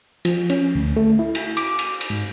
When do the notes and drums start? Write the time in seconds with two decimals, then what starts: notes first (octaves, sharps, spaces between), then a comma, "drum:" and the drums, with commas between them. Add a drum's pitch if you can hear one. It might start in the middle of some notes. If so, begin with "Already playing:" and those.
0.25 F3, drum: cymbal
0.50 C#4, drum: cymbal
0.75 D2
0.96 A3
1.19 E4
1.35 drum: cymbal
1.57 D6, drum: cymbal
1.79 drum: cymbal
2.01 drum: cymbal
2.10 G#2